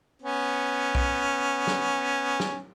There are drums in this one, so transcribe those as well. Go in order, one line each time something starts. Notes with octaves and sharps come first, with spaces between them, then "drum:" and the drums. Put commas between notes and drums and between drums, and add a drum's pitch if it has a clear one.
B3 C#4
drum: kick B1
drum: snare
drum: snare